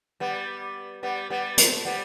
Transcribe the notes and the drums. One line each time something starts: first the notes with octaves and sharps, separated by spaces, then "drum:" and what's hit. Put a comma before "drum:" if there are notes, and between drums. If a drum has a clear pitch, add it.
G3 B3
G3 B3
G3 B3
A3 C4, drum: hi-hat
G3 B3